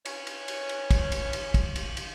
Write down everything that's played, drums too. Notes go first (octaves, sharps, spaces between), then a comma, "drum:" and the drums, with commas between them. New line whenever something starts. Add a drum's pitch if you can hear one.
C#4 B4 C#5, drum: cymbal
drum: cymbal
drum: cymbal
drum: cymbal
drum: kick, cymbal
drum: cymbal
drum: cymbal
drum: kick, cymbal
drum: cymbal
drum: cymbal